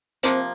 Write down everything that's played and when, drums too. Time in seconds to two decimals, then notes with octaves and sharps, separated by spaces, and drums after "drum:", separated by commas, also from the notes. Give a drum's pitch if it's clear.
0.23 C3 F3 A#3 C4, drum: hi-hat